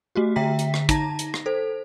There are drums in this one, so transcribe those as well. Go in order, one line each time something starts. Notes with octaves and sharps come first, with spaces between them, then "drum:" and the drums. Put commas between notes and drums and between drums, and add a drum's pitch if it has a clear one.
A3 F#4 G4
D3 E5 G5 A#5 B6
drum: hi-hat
drum: rim click
D#4 A5 A#5 A#6, drum: kick, hi-hat
drum: hi-hat
drum: rim click
A4 C5